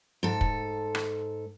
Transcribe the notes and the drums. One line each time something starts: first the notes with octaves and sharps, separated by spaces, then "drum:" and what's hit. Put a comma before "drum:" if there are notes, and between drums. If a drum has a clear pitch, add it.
G#2 A4
drum: kick
drum: rim click